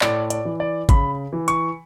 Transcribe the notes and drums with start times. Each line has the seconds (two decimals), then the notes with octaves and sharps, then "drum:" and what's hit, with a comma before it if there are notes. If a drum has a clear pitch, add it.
0.01 A2 D5, drum: clap
0.30 D5, drum: hi-hat
0.45 E3
0.60 D5
0.89 C#3 B5, drum: kick, hi-hat
1.33 E3
1.48 C#6, drum: hi-hat